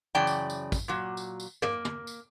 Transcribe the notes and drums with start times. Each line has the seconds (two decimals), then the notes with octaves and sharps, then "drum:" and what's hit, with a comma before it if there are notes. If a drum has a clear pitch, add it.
0.15 F#2 C#3 E3 D5 G5 A5
0.27 drum: tambourine
0.50 drum: tambourine
0.72 drum: kick, tambourine
0.88 A#2 F#3
1.17 drum: tambourine
1.40 drum: tambourine
1.62 A#3, drum: tom
1.85 drum: tom
2.07 drum: tambourine